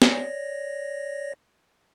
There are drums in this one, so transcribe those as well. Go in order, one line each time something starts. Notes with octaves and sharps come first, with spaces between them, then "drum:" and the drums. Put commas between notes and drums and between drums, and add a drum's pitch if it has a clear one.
C#5 D5 A#6, drum: snare